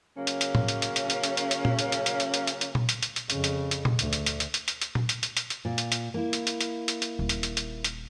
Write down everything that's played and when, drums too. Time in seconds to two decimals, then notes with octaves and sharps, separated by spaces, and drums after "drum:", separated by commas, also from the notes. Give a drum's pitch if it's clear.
0.17 C#3 F#3 A#3 C#4
0.27 drum: hi-hat
0.41 drum: hi-hat
0.55 drum: tom A2
0.68 drum: hi-hat
0.82 drum: hi-hat
0.96 drum: hi-hat
1.10 drum: hi-hat
1.24 drum: hi-hat
1.37 drum: hi-hat
1.51 drum: hi-hat
1.65 drum: tom A#2
1.79 drum: hi-hat
1.92 drum: hi-hat
2.06 drum: hi-hat
2.20 drum: hi-hat
2.34 drum: hi-hat
2.47 drum: hi-hat
2.61 drum: hi-hat
2.75 drum: tom A#2
2.89 drum: hi-hat
3.03 drum: hi-hat
3.16 drum: hi-hat
3.30 F2 C#3, drum: hi-hat
3.44 drum: hi-hat
3.71 drum: hi-hat
3.85 drum: tom A#2
3.99 D2, drum: hi-hat
4.13 drum: hi-hat
4.26 drum: hi-hat
4.40 drum: hi-hat
4.54 drum: hi-hat
4.68 drum: hi-hat
4.82 drum: hi-hat
4.95 drum: tom A#2
5.09 drum: hi-hat
5.23 drum: hi-hat
5.37 drum: hi-hat
5.50 drum: hi-hat
5.65 A#2
5.78 drum: hi-hat
5.92 drum: hi-hat
6.14 A#3 E4
6.33 drum: hi-hat
6.47 drum: hi-hat
6.61 drum: hi-hat
6.88 drum: hi-hat
7.02 drum: hi-hat
7.19 D#1
7.29 drum: hi-hat
7.43 drum: hi-hat
7.57 drum: hi-hat
7.84 drum: hi-hat